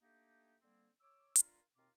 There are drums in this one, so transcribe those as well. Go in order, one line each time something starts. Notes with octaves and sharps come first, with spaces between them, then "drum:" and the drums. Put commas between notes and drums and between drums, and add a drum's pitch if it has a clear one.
A3 A#3 D4 D#4 G4
D3 G3 A#3 C4
C#5 D6 E6
D4 F4 A#4, drum: hi-hat
D#2 B2 C4 F4 A#5 D6